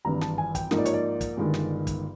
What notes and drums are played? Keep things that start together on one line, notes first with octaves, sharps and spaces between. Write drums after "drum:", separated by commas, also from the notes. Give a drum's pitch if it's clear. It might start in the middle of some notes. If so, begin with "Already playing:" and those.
G#1 G2 E3 A#5
A5, drum: snare
G#5
G5, drum: kick, hi-hat
G#2 F3 A#3 D#4 D#5, drum: snare
D5
C#5, drum: hi-hat
D5
drum: kick, hi-hat
G1 G2 D#3 G#3
drum: snare
drum: kick, hi-hat